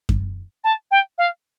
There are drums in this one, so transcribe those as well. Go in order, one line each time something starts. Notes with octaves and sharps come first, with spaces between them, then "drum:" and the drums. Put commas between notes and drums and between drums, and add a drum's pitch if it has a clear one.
drum: kick F#2
A5
G5
F5